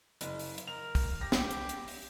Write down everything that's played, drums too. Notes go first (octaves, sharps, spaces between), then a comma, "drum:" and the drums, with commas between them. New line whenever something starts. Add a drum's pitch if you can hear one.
F#1, drum: hi-hat
drum: open hi-hat
drum: hi-hat
A#4 F7
drum: kick, open hi-hat
G4 A#6
drum: snare
drum: hi-hat
drum: hi-hat
drum: open hi-hat